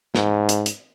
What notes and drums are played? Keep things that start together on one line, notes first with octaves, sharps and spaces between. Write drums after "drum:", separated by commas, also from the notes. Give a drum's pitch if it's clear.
G#2, drum: snare
drum: hi-hat
drum: hi-hat